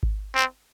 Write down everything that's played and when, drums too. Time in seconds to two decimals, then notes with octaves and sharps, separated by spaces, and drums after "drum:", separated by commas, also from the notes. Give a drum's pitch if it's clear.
0.03 drum: kick G#1
0.35 C4